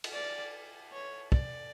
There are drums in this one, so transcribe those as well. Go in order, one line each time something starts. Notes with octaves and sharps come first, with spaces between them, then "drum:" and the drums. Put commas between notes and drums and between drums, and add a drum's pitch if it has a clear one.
drum: cymbal
D5
C#5
D5, drum: kick